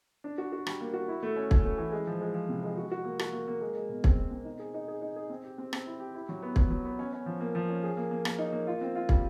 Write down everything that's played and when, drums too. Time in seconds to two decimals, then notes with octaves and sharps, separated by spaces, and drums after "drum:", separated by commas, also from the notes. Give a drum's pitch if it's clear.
0.24 D4
0.38 F#4
0.52 F#4
0.67 G3, drum: rim click
0.81 A#3
0.94 F#4
1.08 E4
1.23 A3
1.36 C#4
1.51 C#4, drum: kick
1.65 A3
1.78 E3
1.92 G#3
2.07 F3
2.21 G#3
2.34 F3
2.49 C3
2.63 G#3
2.77 F#4
2.91 F#4
3.05 A#3
3.19 F#4, drum: rim click
3.32 A#3
3.48 A#3
3.61 G#3
3.75 G#3
3.89 B2
4.04 C4, drum: kick
4.17 B2
4.31 C4
4.45 D#4
4.59 G#4
4.74 D#4
4.88 G#4
5.02 D#4
5.16 G#4
5.30 C4
5.44 G4
5.58 C4
5.73 C4, drum: rim click
5.87 E4
6.00 G4
6.14 E4
6.29 F#3
6.42 B3
6.56 B3, drum: kick
6.70 F#3
6.85 B3
6.99 C#4
7.13 C#4
7.26 F3
7.41 A#3
7.55 F3
7.69 C#4
7.83 G#4
7.97 A#3
8.11 A#3
8.25 A#3, drum: rim click
8.39 D#4
8.53 A#3
8.67 F4
8.81 C4
8.96 F4
9.09 G3, drum: kick